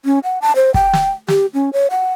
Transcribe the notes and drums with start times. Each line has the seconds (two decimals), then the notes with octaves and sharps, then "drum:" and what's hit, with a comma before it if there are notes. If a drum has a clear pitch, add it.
0.05 C#4
0.24 F#5
0.42 A5
0.56 C5
0.74 G5, drum: kick
0.93 drum: snare
1.28 G4, drum: snare
1.54 C#4
1.73 C#5
1.91 F#5